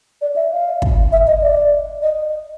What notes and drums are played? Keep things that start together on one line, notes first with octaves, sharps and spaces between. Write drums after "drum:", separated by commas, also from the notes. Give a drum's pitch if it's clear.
D5
E5
F5
drum: kick
E5
D#5
D5
D#5